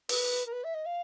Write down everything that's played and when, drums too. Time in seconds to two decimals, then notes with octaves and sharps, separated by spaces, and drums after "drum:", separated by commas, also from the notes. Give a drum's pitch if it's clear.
0.09 B4, drum: open hi-hat
0.46 A#4
0.52 B4
0.64 E5
0.74 D#5
0.86 F5